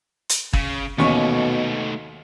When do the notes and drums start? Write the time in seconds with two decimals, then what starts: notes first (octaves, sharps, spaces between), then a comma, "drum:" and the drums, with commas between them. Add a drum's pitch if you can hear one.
0.29 drum: hi-hat
0.53 C#3, drum: kick
0.98 D#2 B2 A3 C#4 D#4 C#6